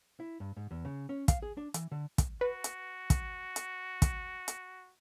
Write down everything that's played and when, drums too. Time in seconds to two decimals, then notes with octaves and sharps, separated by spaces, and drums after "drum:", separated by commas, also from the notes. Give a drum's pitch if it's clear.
0.20 E4
0.40 G2
0.57 G#2
0.71 E2
0.85 C#3
1.09 C#4
1.28 F5, drum: kick, hi-hat
1.42 G#4
1.57 D4
1.74 E3, drum: hi-hat
1.91 D3
2.18 drum: kick, hi-hat
2.41 F#4 B4
2.64 drum: hi-hat
3.10 drum: kick, hi-hat
3.56 drum: hi-hat
4.02 drum: kick, hi-hat
4.48 drum: hi-hat